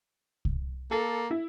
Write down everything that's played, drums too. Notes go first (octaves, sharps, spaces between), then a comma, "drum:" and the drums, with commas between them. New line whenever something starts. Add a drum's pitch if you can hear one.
drum: kick C2
A#3 A4
E4